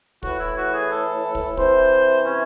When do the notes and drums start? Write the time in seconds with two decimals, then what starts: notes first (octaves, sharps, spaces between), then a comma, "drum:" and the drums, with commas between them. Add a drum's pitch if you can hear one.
0.23 A2 E3 F#4, drum: kick
0.39 E4
0.56 F#4
0.74 G#4
0.90 A4
1.35 drum: kick
1.57 C3 E3 C5, drum: kick
2.25 C#4